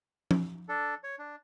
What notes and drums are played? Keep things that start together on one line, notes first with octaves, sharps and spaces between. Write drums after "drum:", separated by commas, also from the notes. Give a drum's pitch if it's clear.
drum: tom F3
D4 A4
C#5
D4